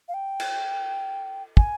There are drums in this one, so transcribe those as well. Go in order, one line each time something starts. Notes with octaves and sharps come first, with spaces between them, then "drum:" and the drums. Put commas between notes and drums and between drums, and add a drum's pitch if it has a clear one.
F5
G5
drum: cymbal
G#5, drum: kick